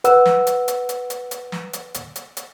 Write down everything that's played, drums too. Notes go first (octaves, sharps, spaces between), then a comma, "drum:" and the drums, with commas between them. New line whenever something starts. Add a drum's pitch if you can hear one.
B4 F#5 E6, drum: hi-hat
drum: snare
drum: hi-hat
drum: hi-hat
drum: hi-hat
drum: hi-hat
drum: hi-hat
drum: snare
drum: hi-hat
drum: hi-hat
drum: hi-hat
drum: hi-hat